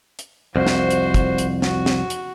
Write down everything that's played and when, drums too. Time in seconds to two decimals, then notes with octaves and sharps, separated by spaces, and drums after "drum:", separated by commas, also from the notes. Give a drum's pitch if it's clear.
0.19 drum: hi-hat
0.56 C2 F2 F#4 C5
0.67 drum: snare
0.90 drum: hi-hat
1.14 drum: kick, hi-hat
1.38 drum: hi-hat
1.62 F#4, drum: snare
1.86 drum: snare
2.10 drum: hi-hat